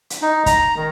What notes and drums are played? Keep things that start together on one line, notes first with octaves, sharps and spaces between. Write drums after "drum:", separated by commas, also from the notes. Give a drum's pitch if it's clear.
drum: hi-hat
D#4
A#5, drum: kick, hi-hat
D#3